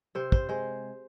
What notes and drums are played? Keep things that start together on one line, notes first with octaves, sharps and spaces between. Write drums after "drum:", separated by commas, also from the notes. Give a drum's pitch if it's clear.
C3 C5
C5, drum: kick
G#3 C5